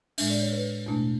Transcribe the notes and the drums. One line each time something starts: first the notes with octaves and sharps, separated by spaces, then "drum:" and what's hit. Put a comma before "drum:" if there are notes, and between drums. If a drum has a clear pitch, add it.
A2 G#3 D4 E5, drum: open hi-hat
D5
C#5
B4
E2 B2 A3 D4